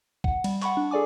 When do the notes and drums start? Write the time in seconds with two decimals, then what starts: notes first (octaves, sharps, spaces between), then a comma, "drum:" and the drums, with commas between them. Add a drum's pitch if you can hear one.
0.24 F#5, drum: kick B1
0.44 G3, drum: cymbal
0.62 F#5 B5 C#6, drum: clap
0.77 D4
0.91 G#4 A4 D5 G#5 D6